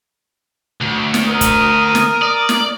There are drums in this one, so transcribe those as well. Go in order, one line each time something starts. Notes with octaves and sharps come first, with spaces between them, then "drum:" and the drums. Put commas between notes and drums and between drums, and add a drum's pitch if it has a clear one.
D2
drum: snare
A#4 D#6
drum: kick, hi-hat
drum: snare
D5
drum: snare